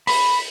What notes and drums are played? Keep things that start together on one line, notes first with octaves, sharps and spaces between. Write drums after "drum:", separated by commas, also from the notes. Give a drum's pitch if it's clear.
B5, drum: open hi-hat